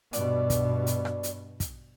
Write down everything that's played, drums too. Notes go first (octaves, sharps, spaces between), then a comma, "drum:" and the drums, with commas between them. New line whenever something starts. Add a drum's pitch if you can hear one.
G2 B2 D5, drum: hi-hat
drum: kick, hi-hat
drum: hi-hat
drum: rim click
drum: hi-hat
drum: kick, hi-hat